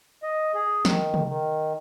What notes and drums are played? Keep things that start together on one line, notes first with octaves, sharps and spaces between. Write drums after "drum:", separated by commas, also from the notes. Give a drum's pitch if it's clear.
D#5
G#4
D#3, drum: snare
drum: tom
D#3